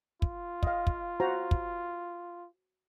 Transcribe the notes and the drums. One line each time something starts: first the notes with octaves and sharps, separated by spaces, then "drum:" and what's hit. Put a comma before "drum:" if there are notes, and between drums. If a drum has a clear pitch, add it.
F4, drum: kick
D#5 F5, drum: kick
drum: kick
F#4 C5 A#5
drum: kick